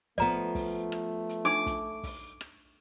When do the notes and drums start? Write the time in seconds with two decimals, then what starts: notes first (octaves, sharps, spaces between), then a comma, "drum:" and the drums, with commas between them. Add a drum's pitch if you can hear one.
0.18 F3 A3 B3 D5 A#5, drum: kick, hi-hat
0.55 drum: kick, open hi-hat
0.92 drum: rim click
1.29 drum: hi-hat
1.45 D4 D#4 D6
1.66 drum: kick, hi-hat
2.04 drum: kick, open hi-hat
2.41 drum: rim click